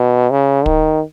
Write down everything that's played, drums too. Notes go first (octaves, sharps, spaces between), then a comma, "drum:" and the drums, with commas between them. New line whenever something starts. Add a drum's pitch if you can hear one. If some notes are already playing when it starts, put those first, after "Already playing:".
Already playing: B2
C#3
D#3, drum: kick